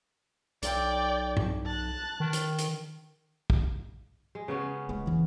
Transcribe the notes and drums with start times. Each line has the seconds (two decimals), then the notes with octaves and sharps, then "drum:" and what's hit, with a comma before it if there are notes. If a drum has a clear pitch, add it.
0.63 B1 D5 G5, drum: hi-hat
1.37 drum: tom
1.66 A5 F#6
2.20 D#3
2.33 drum: hi-hat
2.59 drum: hi-hat
3.50 drum: kick
4.35 G#3
4.48 C#3 B3 C#4
4.89 G#3
5.06 E2 E3